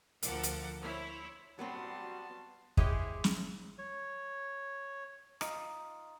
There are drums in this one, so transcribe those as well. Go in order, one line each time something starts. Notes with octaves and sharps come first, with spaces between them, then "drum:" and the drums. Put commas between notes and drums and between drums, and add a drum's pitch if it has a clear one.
D2 F3 A4 A#4 F#5 D6, drum: hi-hat
drum: hi-hat
E4 C5 C#5
F#3 G3 B3 C4 F#4 A5 C6
G#3 E4 G4 G#4 C5 C#5, drum: kick
drum: snare
C#5
D#4 F4, drum: rim click